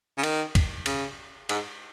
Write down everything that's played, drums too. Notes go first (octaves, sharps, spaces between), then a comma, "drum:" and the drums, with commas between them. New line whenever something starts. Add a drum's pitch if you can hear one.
C#3
D#3, drum: cymbal
drum: kick, cymbal
C#3, drum: cymbal
G#2, drum: cymbal